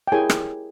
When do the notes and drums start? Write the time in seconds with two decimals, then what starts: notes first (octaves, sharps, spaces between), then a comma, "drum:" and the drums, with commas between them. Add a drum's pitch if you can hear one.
0.08 G5
0.12 E4 G4 G#4 A#4 C#5 G#5
0.30 drum: rim click